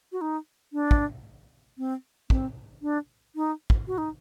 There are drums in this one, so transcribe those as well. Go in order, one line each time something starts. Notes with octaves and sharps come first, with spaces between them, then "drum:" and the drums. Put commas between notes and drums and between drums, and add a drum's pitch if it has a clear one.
F#4
D#4
D4
drum: kick
C4
C4, drum: kick
D4
D#4
drum: kick
F#4
D#4